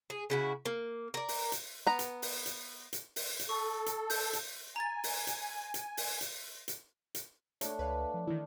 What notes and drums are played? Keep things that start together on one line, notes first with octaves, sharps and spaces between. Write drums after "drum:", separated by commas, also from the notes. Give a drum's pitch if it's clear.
G#4
C#3 E4 F#4
A#3
A#4 D5
drum: open hi-hat
drum: hi-hat
B3 A#5
drum: hi-hat
drum: open hi-hat
drum: hi-hat
drum: hi-hat
drum: open hi-hat
drum: hi-hat
A4 C#6
drum: hi-hat
G6, drum: open hi-hat
drum: hi-hat
G#5 A#5 A6
drum: open hi-hat
drum: hi-hat
drum: hi-hat
drum: open hi-hat
drum: hi-hat
drum: hi-hat
drum: hi-hat
A3 D4 A4 C#5, drum: hi-hat
C#2 B4 C#5 F5
F3
D#3 E3 E4